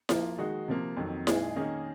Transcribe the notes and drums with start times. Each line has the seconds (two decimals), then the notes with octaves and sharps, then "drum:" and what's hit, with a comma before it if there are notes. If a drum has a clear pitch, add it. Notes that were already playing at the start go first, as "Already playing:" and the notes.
0.09 F3 A#3 F4, drum: snare E4
0.38 D#3 G#3 D#4 F#4
0.68 C3 F3 A#3
0.97 F2 D#3 F#3
1.27 A#2 G#3 D#4 G#4, drum: snare E4
1.56 D#3 A#3 C#4 G#4 D#5